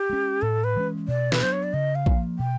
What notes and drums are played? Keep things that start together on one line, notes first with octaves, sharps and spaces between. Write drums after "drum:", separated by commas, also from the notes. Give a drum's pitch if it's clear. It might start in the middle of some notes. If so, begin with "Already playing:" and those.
Already playing: G4
G#3 C#4
A2 A4
B4
E3 G#3 C#4
B2 D5
B4, drum: snare
F#3 B3 D4 C5
C#5
D5
C#3 D#5
F5
F3 A#3, drum: kick A#1
B2 G5